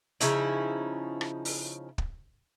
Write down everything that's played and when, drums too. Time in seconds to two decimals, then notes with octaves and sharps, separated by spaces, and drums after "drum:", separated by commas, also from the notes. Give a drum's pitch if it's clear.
0.20 C#3 F3 D#4 E4, drum: hi-hat
1.21 drum: rim click
1.45 drum: open hi-hat
1.98 drum: kick